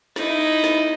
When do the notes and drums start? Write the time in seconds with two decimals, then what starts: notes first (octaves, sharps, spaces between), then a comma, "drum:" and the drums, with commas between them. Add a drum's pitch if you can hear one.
0.16 D#4 E4, drum: snare
0.64 drum: snare